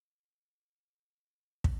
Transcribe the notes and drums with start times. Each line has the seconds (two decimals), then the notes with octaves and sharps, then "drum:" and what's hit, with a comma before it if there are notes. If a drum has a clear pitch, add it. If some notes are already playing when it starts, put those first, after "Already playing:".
0.24 C4 C#4 D#4
0.57 F3 E4 B4
0.96 F#3 A4
1.64 drum: kick